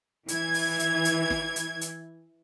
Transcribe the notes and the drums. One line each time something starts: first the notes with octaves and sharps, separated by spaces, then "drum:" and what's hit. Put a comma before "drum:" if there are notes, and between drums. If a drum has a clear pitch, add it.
E3 G#6, drum: hi-hat
drum: open hi-hat
drum: hi-hat
drum: hi-hat
drum: snare
drum: hi-hat
drum: hi-hat